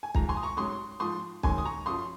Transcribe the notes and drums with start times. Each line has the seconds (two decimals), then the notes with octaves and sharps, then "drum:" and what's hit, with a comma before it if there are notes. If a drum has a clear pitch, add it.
0.03 G#5
0.15 G#2 F3 A#5, drum: kick
0.29 G#5 C6
0.37 D#6
0.43 A#5 C#6
0.57 G#2 F#3 C6 D#6
1.00 G#2 F3 C6 D#6
1.43 G#2 D#3 F#3 G#5 C6, drum: kick
1.58 D#6
1.65 A#5 C#6
1.86 F#2 F3 C6 D#6